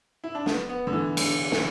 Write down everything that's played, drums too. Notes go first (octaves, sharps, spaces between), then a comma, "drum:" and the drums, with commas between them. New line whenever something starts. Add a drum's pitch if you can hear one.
E4
D4
B3, drum: snare
B3
D3
E3
D3, drum: cymbal
E3, drum: snare